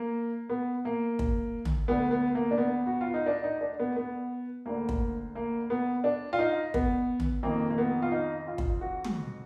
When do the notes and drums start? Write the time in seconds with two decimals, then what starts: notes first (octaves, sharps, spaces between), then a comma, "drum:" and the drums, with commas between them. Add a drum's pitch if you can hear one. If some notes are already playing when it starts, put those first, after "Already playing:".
Already playing: A#3
0.49 B3
0.85 A#3
1.19 drum: kick
1.65 drum: tom
1.88 D2 D3 B3
2.11 B3
2.35 A#3
2.51 D4
2.58 B3
2.87 F#4
3.01 F4
3.14 D#4
3.26 D4
3.44 D#4
3.61 D4
3.80 B3
3.96 B3
4.66 D2 D3 A#3
4.89 drum: kick
5.35 A#3
5.70 B3
6.04 D4
6.33 F4
6.39 D#4
6.74 B3, drum: kick
7.20 drum: tom
7.43 F2 D#3 A#3
7.70 A#3
7.78 B3
8.02 F4
8.12 D#4
8.47 F4
8.58 drum: kick
8.81 F#4
9.04 drum: tom